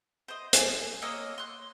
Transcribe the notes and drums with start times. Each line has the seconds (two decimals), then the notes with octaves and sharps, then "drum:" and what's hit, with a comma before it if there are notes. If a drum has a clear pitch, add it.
0.28 C5 D#5
0.53 G#4, drum: hi-hat
1.02 A#3 C#5 D#5 E6
1.38 C6 F#6